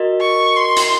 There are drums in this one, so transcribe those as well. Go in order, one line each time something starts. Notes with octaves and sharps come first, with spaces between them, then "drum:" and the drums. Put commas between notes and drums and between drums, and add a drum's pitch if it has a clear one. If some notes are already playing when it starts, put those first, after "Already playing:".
Already playing: F#4 A#4 D#5
C#6
C6
drum: hi-hat